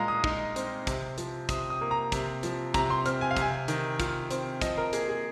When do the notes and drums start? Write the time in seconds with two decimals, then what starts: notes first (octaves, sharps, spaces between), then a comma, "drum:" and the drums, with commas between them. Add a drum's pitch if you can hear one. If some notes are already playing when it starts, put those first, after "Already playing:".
Already playing: A#2 G#3 D#5 F5 A#5
0.08 D#6
0.24 D#4, drum: kick
0.56 C4, drum: hi-hat
0.87 C3, drum: kick, hi-hat
1.18 F3, drum: hi-hat
1.49 C3 D#6, drum: kick, hi-hat
1.70 D#6
1.81 A#3
1.91 A#5
2.12 C3, drum: kick, hi-hat
2.43 F3, drum: hi-hat
2.74 C3 A#5, drum: kick, hi-hat
2.90 C6
3.06 C4 F6, drum: hi-hat
3.21 G#5
3.31 F5
3.37 C3 G#5, drum: kick, hi-hat
3.68 D#3, drum: hi-hat
4.00 F4, drum: kick, hi-hat
4.31 C4, drum: hi-hat
4.62 F3 D#5, drum: kick, hi-hat
4.77 A#4
4.93 A#3 G#4, drum: hi-hat
5.09 G#4